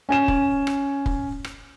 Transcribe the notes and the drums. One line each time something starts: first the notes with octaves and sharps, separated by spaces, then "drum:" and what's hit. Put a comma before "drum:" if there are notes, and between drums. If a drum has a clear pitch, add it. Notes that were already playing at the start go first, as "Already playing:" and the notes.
C#4 G#5 E7
drum: kick
drum: rim click
drum: kick
drum: rim click